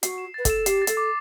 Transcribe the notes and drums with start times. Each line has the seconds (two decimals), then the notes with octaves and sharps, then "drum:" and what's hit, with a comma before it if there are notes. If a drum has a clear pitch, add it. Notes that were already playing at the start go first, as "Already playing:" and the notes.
0.03 F#4 C7, drum: hi-hat
0.18 E7
0.34 B4 A6
0.45 A4 E7, drum: kick, hi-hat
0.66 G4 C7, drum: hi-hat
0.82 A6
0.87 A4, drum: hi-hat
0.97 D6